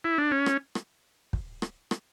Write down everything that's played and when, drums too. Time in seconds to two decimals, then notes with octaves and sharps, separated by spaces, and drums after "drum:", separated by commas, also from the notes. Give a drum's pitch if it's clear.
0.04 E4
0.18 D4
0.31 C#4
0.46 drum: rim click
0.75 drum: rim click
1.33 drum: kick
1.62 drum: rim click
1.91 drum: rim click